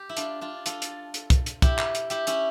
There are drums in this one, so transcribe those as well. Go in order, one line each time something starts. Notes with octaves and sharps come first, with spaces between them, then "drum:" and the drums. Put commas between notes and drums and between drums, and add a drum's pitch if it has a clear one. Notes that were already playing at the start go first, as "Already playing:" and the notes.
Already playing: G4
E4
D4 F4, drum: hi-hat
D4 F4
F4 A4, drum: hi-hat
drum: hi-hat
drum: hi-hat
drum: kick, hi-hat
drum: hi-hat
E4 G4, drum: kick, hi-hat
drum: clap
drum: hi-hat
E4 G4, drum: hi-hat
C#4 E4, drum: hi-hat